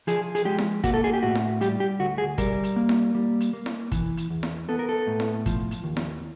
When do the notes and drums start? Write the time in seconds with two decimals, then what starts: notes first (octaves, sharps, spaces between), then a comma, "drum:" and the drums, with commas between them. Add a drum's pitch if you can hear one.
0.07 F3 G#4, drum: hi-hat
0.35 G#4, drum: hi-hat
0.45 G#3 G4
0.58 drum: snare E4
0.84 A#3 F#4, drum: kick, hi-hat
0.94 A4
1.04 G#4
1.13 G4
1.23 A2 F#4
1.35 drum: snare E4
1.61 G3 G4, drum: hi-hat
1.80 G4
1.99 D2 F#4
2.18 G#4
2.38 G3 A#4, drum: kick, hi-hat
2.63 drum: hi-hat
2.76 A#3
2.89 drum: snare E4
3.15 G3
3.40 drum: hi-hat
3.53 A#3
3.66 drum: snare E4
3.92 E3, drum: kick, hi-hat
4.17 drum: hi-hat
4.30 E2
4.43 drum: snare E4
4.69 B3 A4
4.79 A#4
4.89 A4
5.07 A2
5.20 drum: snare E4
5.46 F3, drum: kick, hi-hat
5.71 drum: hi-hat
5.84 D#2
5.97 drum: snare E4